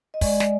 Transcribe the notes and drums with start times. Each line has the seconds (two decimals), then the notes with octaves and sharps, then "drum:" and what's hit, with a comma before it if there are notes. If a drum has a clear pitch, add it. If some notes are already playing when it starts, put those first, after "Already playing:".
0.14 D#5
0.21 G#3 D5, drum: kick, open hi-hat
0.40 drum: snare